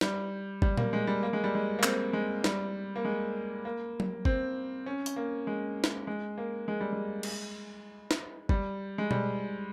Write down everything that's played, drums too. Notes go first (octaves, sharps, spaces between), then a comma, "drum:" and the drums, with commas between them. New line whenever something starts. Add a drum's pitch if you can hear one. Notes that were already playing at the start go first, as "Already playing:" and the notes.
G3, drum: snare
G3, drum: kick
A#3, drum: tom A#2
G#3
G3
A#3
G#3
G3
G#3
A#3
C4, drum: clap
G#3
G3, drum: snare
A#3
G#3
A#3
drum: tom F#3
C4, drum: kick
C#4
drum: hi-hat
A#3
G#3
drum: snare
G#3
A#3
G#3
G3
G#3
drum: cymbal
drum: snare
G3, drum: kick
G#3
G3, drum: tom B2